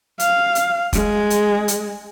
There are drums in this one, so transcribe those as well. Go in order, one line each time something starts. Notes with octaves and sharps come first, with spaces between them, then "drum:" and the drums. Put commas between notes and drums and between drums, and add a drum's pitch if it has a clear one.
F5, drum: hi-hat
drum: hi-hat
G#3, drum: kick, hi-hat
drum: hi-hat
drum: hi-hat